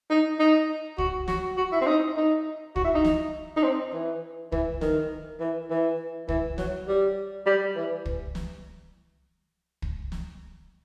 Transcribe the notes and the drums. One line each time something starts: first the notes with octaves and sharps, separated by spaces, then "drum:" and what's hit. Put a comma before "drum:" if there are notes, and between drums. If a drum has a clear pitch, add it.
D#4
D#4
F#4, drum: kick
F#4, drum: snare
F#4
E4
C4
D#4
D#4
F#4, drum: kick
E4
D#4
drum: snare
D#4
C4
E3
E3, drum: kick
D#3, drum: snare
E3
E3
E3, drum: kick
F#3, drum: snare
G3
G3
E3
drum: kick
drum: snare
drum: kick
drum: snare